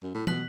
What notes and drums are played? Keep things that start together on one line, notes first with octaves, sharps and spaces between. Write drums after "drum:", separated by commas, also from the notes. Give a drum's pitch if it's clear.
F#2
A2
B2 F#6 B6 F#7, drum: tom